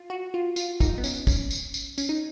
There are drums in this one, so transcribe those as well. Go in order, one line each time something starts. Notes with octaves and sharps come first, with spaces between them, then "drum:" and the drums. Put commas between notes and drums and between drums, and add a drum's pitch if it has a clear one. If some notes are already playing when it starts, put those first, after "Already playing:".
Already playing: F4
F#4
F4
F4, drum: tambourine
D#4, drum: kick, tambourine
B3
C#4, drum: tambourine
C#4, drum: kick, tambourine
drum: tambourine
drum: tambourine
C#4, drum: tambourine
D#4